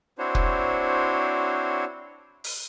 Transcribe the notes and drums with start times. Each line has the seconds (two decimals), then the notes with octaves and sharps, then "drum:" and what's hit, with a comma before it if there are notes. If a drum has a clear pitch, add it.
0.18 C4 D4 E4 F#4 C5 C#5
0.35 drum: kick
2.44 drum: open hi-hat